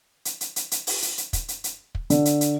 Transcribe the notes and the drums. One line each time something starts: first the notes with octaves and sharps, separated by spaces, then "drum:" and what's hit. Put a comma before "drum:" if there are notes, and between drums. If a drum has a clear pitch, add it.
drum: hi-hat
drum: hi-hat
drum: hi-hat
drum: hi-hat
drum: open hi-hat
drum: hi-hat
drum: hi-hat
drum: kick, hi-hat
drum: hi-hat
drum: hi-hat
drum: kick
D3, drum: hi-hat
drum: hi-hat
drum: hi-hat